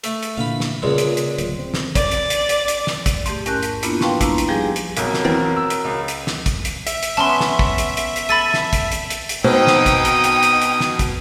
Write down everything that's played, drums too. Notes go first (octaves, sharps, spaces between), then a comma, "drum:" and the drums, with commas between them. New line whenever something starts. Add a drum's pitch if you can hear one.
A3, drum: hi-hat
drum: hi-hat
A#2 D3 E3 F5 B5
drum: snare
C#2 A#2 C#3 G3 G#3
drum: hi-hat
drum: hi-hat
D1, drum: hi-hat
C4
drum: snare
D5, drum: kick, hi-hat
drum: hi-hat
drum: hi-hat
drum: hi-hat
drum: hi-hat
drum: snare
drum: kick, hi-hat
G#2 A3 G4, drum: hi-hat
E2 C#4 A#4 A5 F#6 G6, drum: hi-hat
drum: hi-hat
A#3 B3 D4 E4 F4, drum: hi-hat
B4 F5 G5 A5 C6 C#6, drum: snare
G3 D4 E4 A#5, drum: kick, hi-hat
drum: hi-hat
D#2 F3 G3 G4 G#4 G#5
drum: hi-hat
B1 F2 F#3 A#4, drum: hi-hat
drum: snare
E3 C4 A5
E6
drum: hi-hat
C#2
drum: hi-hat
drum: snare
drum: kick, hi-hat
drum: hi-hat
E5, drum: hi-hat
drum: hi-hat
B3 C#4 A5 C6
drum: snare
drum: kick
drum: hi-hat
drum: hi-hat
drum: hi-hat
A4 B5 A6 D#7
drum: snare
drum: kick, hi-hat
drum: hi-hat
drum: hi-hat
drum: hi-hat
B2 C4 D#4 G5 D#6
drum: snare
drum: kick, hi-hat
drum: hi-hat
drum: hi-hat
drum: hi-hat
drum: hi-hat
drum: snare
drum: kick, hi-hat